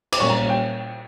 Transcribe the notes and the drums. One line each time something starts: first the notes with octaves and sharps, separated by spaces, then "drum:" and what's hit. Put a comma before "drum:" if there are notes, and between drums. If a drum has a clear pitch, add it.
D6, drum: cymbal
A#2 G3 A#3 C#4 C#6
A#5
G5